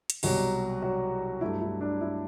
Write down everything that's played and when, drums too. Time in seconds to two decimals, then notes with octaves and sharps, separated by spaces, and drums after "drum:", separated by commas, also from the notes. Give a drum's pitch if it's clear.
0.10 drum: hi-hat
0.23 C2 B2 F#3 G3 F#4, drum: open hi-hat
0.82 F#3 F#4
1.41 G2 F#3 A3 E4
1.61 E4
1.81 D4
2.01 E4